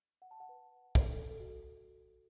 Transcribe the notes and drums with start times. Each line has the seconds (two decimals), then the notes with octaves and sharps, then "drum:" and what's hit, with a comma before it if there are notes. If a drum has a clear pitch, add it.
0.22 F#5
0.31 A5
0.40 F#5
0.49 B4
0.95 A4, drum: kick
1.13 A4
1.31 A4
1.40 F#4
1.49 A4